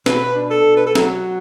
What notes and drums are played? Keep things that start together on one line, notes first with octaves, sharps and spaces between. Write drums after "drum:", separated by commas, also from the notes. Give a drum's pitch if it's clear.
B2 B4, drum: snare
D4
A4
B2
B4
A4
F#3 F#4, drum: snare